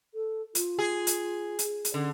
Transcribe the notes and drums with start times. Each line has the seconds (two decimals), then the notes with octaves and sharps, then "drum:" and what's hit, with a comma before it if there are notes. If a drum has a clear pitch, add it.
0.15 A4
0.55 F4, drum: hi-hat
0.79 G#4
1.07 drum: hi-hat
1.59 drum: hi-hat
1.85 drum: hi-hat
1.94 D3 C#4